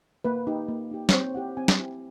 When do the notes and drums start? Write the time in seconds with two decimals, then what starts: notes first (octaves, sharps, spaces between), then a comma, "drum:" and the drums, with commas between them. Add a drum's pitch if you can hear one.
0.24 A#3 B4
0.47 D#4 G4
0.68 A#3
0.91 D#4 G4
1.09 C#5, drum: snare
1.13 C4 C5
1.35 E4 G4 F#5
1.57 C4 G#5
1.68 drum: snare
1.79 E4 G4